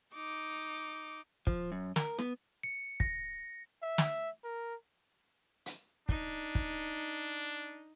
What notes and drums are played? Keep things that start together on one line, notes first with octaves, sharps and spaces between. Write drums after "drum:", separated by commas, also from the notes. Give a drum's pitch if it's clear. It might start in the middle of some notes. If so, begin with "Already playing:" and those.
D#4 D6
F3, drum: kick
F#2
A#4, drum: snare
B3, drum: rim click
C#7
A#6, drum: kick
E5
drum: snare
A#4
drum: hi-hat
D4 D#4, drum: kick
drum: kick